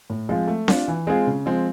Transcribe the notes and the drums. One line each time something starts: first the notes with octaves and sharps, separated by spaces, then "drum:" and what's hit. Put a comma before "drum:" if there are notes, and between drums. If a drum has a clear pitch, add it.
A2
F3 G#3 C4 F4
A3
D4 F4, drum: snare C4
E3
G#3 C4 F4 G#4
C#3
F3 G#3 C4